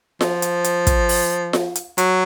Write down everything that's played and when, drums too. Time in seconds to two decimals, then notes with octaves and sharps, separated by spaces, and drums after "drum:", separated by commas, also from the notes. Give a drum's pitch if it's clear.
0.21 F3, drum: snare F4
0.42 drum: hi-hat
0.64 drum: hi-hat
0.87 drum: kick, hi-hat
1.09 drum: open hi-hat
1.53 drum: snare F4
1.75 drum: hi-hat
1.98 F#3, drum: hi-hat